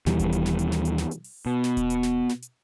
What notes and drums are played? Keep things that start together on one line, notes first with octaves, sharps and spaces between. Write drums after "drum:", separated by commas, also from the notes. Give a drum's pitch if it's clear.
D#2 B2 E3 G3, drum: snare
drum: kick D#1, hi-hat
drum: hi-hat
drum: snare
drum: hi-hat
drum: snare
drum: hi-hat
drum: snare
drum: hi-hat
drum: open hi-hat
B2
drum: snare
drum: kick D#1, hi-hat
drum: hi-hat
drum: snare
drum: snare
drum: hi-hat